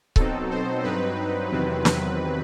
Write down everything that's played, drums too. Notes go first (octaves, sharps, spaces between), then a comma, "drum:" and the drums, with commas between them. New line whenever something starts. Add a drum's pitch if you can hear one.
B2 F#3 C4 D#4 A4, drum: kick C#1
C5
G2 F#3 C4 D#4 B4
E2 C3 D#3 F#3 C4
B4, drum: snare